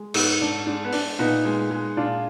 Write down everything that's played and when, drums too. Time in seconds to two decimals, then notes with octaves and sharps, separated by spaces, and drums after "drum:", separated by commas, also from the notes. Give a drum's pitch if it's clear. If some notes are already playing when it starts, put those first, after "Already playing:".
Already playing: G#3
0.14 G#2 B3 D#4, drum: cymbal
0.41 G#2 D4
0.67 G#3 D4
0.84 B3
0.92 G#3 D4, drum: open hi-hat
1.19 A#2 B3 D#4
1.45 G#3
1.70 G#3
1.97 A#2 D4 F4